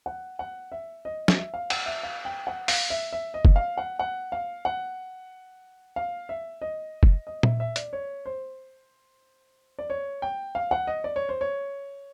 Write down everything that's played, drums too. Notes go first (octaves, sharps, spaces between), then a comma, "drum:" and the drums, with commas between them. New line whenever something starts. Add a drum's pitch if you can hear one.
F#5
F#5
E5
D#5
drum: snare
E5
F5
F#5, drum: cymbal
E5
F5
G5
F#5
F5, drum: open hi-hat
E5
E5
D#5
drum: kick F1
F5
F#5
F#5
F5
F#5
F5
E5
D#5
drum: kick F1
D#5
E5, drum: tom A#2
E5
D5, drum: hi-hat
C#5
C5
D5
C#5
G5
F5
F#5
D#5
D5
C#5
C5
C#5